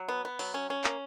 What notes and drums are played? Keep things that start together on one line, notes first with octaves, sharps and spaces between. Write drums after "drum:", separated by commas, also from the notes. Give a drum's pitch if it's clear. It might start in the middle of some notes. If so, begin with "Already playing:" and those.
Already playing: F#3
B3
B3
F#3, drum: open hi-hat
C#4
C#4
A#3, drum: clap